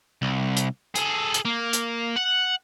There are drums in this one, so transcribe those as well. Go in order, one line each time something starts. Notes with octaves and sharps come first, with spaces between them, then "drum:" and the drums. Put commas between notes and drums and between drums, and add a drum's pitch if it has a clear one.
C2
drum: hi-hat
G#4 A4, drum: hi-hat
drum: hi-hat
A#3
drum: hi-hat
F#5